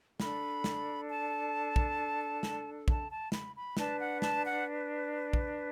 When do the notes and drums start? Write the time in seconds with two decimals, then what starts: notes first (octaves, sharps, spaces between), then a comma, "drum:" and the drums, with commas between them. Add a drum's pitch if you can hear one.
0.20 D4 A4 B5, drum: snare
0.64 drum: snare
1.09 A5
1.76 drum: kick
2.43 drum: snare
2.88 A5, drum: kick
3.10 A5
3.32 B5, drum: snare
3.55 B5
3.77 D4 B4 A5, drum: snare
3.99 F#5
4.22 A5, drum: snare
4.45 F#5
5.33 drum: kick